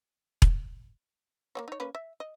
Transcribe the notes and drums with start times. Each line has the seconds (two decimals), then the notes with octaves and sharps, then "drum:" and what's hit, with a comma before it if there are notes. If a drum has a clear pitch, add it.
0.42 drum: kick E1
1.55 A#3 C4 C#5
1.68 D#4 C#5
1.80 A#3 C#4 B4
1.95 E5
2.20 D#5